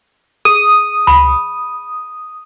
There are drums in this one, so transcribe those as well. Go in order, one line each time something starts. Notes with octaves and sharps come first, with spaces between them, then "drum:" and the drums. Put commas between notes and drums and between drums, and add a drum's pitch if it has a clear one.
G#4 D#6, drum: hi-hat
B5, drum: tom C#2